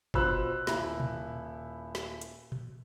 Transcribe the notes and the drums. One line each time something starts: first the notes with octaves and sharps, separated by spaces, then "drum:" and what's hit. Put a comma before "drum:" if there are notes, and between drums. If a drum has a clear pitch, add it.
B2 F4 C5 B5 E6 F#6, drum: kick F#1
D#1 E4 B5, drum: snare
drum: tom A#2
drum: snare
drum: hi-hat
drum: tom A#2